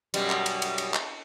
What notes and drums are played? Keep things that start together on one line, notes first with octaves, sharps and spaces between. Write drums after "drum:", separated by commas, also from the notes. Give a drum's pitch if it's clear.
F#2 B2 G3, drum: cymbal
drum: clap
drum: cymbal
drum: cymbal
drum: cymbal
drum: clap